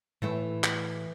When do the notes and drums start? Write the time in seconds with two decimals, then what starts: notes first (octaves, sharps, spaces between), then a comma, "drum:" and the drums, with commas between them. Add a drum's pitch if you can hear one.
0.22 A2 E3 A3 E4
0.64 drum: clap